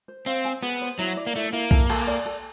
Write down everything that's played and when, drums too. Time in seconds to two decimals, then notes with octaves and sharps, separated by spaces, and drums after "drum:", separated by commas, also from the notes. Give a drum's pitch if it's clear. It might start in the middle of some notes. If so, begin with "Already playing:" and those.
0.08 C5
0.26 C4 F5, drum: hi-hat
0.45 G#5
0.62 B3 G#4
0.82 C5
0.99 F#3 E4
1.17 D5
1.27 A#3
1.36 A3 E4
1.53 A#3 E4
1.71 A4, drum: kick B1
1.89 A4, drum: cymbal
2.07 D5
2.26 A4